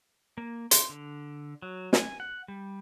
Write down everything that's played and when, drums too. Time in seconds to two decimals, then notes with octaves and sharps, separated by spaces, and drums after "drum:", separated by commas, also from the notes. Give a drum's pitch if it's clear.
0.38 A#3
0.71 C6, drum: hi-hat
0.89 D3
1.62 F#3
1.93 G#5, drum: snare
2.20 F#5
2.48 G3